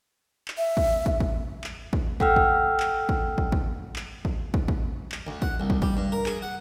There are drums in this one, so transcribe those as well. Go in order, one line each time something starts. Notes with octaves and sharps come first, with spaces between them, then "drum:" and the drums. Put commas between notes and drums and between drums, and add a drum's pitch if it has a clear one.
drum: clap
E5
drum: kick
drum: kick
drum: kick
drum: clap
drum: kick
A4 F#5 G5 E6 F6, drum: kick
drum: kick
drum: clap
drum: kick
drum: kick
drum: kick
drum: clap
drum: kick
drum: kick
drum: kick
drum: clap
D2
F#5, drum: kick
C2
drum: kick
G3, drum: kick
G2
A#4
G#4, drum: clap
F#5